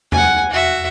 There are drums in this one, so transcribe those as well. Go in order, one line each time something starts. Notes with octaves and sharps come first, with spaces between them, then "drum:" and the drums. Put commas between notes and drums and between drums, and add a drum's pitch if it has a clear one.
F#5 G#5, drum: tom E2
F#4 E5